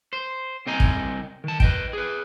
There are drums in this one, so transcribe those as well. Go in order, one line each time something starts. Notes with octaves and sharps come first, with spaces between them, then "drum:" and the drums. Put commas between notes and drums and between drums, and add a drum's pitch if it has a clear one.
C5
C2 C4 D#5 G5 G#5 A#5
drum: kick
D#3 A5
B4 D#5 G5, drum: kick
G#4 B4